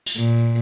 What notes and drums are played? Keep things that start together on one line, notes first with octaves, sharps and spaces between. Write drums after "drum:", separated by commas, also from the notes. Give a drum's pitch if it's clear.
drum: tambourine
A#2